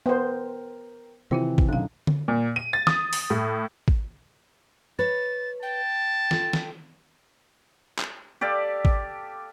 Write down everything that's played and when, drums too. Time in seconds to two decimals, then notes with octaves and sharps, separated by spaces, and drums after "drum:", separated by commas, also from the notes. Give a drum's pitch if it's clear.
0.06 B3 A#4 C5 G5
1.31 C3 D#3 E3 C4 E4 F4 C5
1.58 drum: kick G#1
1.69 B1 F#2 D3 F#3 F5
2.07 drum: tom D3
2.28 A#2
2.56 D#7
2.73 A6
2.87 D#6, drum: snare
3.13 drum: open hi-hat
3.30 A2
3.88 drum: kick G#1
4.99 B4 C#5 A6
5.63 G5 A5
6.31 F4 A4, drum: snare
6.53 drum: snare
7.98 drum: clap
8.41 G4 A4 D5 F5
8.85 drum: kick G#1